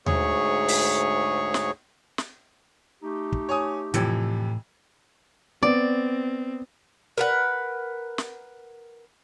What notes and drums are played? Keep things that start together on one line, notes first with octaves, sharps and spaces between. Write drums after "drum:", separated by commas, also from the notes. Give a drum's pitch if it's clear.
D2 G#2 G#4 C#5 C#6, drum: tom D#2
drum: open hi-hat
drum: snare
drum: snare
A3 D#4 G4
drum: kick
C#5 G#5 D#6
F2 A2 C3 E3, drum: hi-hat
B3 C4 D5
A#4 B4 F#5
drum: snare